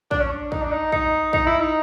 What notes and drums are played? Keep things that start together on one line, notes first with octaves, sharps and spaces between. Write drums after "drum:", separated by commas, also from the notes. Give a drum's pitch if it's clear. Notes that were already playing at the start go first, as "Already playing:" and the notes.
D4, drum: kick
C#4
D4
D#4, drum: kick
D4
D#4
D#4, drum: kick
D#4, drum: kick
E4
D#4